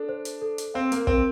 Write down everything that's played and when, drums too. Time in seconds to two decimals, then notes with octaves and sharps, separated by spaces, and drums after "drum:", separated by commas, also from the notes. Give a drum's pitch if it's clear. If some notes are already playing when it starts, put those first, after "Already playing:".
Already playing: D4 A4
0.09 C5
0.25 drum: hi-hat
0.42 A4
0.58 drum: hi-hat
0.74 C4 F5
0.92 A#3, drum: hi-hat
1.07 C4 A#4, drum: kick